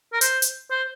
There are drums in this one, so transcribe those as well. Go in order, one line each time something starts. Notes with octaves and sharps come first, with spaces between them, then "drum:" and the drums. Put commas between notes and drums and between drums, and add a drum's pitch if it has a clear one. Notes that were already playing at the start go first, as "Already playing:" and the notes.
A#4
C5, drum: hi-hat
drum: hi-hat
C5